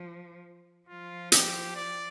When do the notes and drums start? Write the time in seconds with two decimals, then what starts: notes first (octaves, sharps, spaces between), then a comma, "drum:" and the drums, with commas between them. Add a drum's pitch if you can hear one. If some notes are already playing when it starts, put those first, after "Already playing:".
Already playing: F3
0.89 F3 F4
1.32 G4, drum: hi-hat
1.75 D5